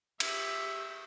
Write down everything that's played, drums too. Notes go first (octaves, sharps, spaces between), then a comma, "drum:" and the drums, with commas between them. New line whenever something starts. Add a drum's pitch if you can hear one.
G4 E5, drum: cymbal